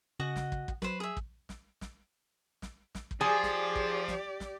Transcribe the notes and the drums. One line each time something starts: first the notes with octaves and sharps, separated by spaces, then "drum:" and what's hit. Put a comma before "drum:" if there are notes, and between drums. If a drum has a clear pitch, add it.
C#3 F#4 D#5 F#5
drum: snare
drum: kick
drum: kick
F#3 B4 C5, drum: snare
G#4 E5
drum: kick
drum: snare
drum: snare
drum: snare
drum: snare
drum: kick
F3 G4 G#4 D5 G#5
drum: snare
drum: kick
drum: snare
drum: snare